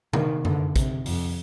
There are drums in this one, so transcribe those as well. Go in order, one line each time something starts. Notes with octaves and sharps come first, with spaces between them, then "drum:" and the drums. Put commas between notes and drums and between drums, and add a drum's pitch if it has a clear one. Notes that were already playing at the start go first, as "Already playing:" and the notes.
D#3, drum: tom C3
D3, drum: tom F#2
C3, drum: kick, hi-hat
F2, drum: open hi-hat